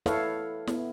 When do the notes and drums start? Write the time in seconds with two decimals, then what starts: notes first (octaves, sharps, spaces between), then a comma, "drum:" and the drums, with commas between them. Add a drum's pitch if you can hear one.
0.06 E4 A4 B4 C#5 F5 F#5, drum: snare
0.67 B3 E4, drum: snare